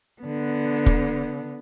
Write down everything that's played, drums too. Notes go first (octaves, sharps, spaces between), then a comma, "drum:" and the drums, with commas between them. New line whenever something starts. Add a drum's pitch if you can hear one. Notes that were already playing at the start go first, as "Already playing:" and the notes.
D3 B3
drum: kick